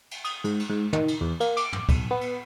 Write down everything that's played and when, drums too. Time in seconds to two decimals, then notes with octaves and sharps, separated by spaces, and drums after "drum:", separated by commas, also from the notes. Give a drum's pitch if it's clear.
0.11 drum: cymbal
0.24 D#6, drum: cymbal
0.44 G#2, drum: cymbal
0.60 drum: cymbal
0.70 G#2
0.93 D#3, drum: tom
1.08 drum: cymbal
1.21 E2
1.40 A#3, drum: cymbal
1.57 D6, drum: cymbal
1.73 drum: tom
1.89 B1, drum: kick, cymbal
2.11 B3
2.21 drum: cymbal